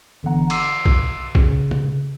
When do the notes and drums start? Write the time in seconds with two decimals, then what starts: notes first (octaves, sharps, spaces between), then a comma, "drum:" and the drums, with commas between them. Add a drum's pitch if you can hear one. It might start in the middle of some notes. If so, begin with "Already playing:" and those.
0.23 G1 D3 E3 B3 F#5 A#5
0.50 C6 D6 E6 C7, drum: cymbal
0.85 drum: kick B1
1.35 C#3, drum: kick B1
1.71 drum: tom